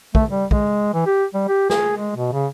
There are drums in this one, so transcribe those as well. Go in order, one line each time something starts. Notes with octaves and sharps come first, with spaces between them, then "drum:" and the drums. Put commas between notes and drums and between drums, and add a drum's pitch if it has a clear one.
A3, drum: kick
G3
G#3, drum: kick
E3
G4
G3
G4
G#4, drum: snare
G#3
B2
C#3